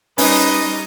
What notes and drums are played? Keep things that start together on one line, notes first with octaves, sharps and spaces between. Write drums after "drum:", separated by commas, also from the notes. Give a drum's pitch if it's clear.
G3 C#4 D#4 B4 D#5, drum: open hi-hat